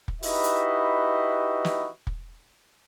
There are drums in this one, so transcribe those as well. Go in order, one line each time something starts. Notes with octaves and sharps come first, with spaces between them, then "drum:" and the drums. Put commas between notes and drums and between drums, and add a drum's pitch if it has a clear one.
drum: kick
D#4 E4 F#4 G4 B4 D#5, drum: open hi-hat
drum: hi-hat
drum: snare
drum: kick